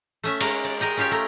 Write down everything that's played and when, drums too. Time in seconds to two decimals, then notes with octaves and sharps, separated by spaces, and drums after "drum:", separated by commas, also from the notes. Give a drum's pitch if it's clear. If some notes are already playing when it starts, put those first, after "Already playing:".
0.23 A3 C#4 E5
0.41 G#3 A#4, drum: cymbal
0.64 D5
0.81 G#3 A#4 D#5 G5
0.97 C#4 F4 G4 C#5 G5
1.11 A3 A#4